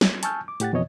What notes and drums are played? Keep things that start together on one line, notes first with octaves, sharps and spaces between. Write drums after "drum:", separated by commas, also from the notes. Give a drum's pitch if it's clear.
drum: snare
G#5 A5 C#6 E6 F6 G6, drum: hi-hat
D6
A2 G4 F#5 A6, drum: hi-hat
F2 B2 E3 C#5 D#5